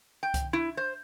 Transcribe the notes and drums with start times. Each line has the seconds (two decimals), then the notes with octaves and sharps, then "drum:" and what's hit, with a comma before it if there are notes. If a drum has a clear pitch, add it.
0.23 G5
0.34 drum: kick C2, hi-hat
0.53 E4
0.77 C5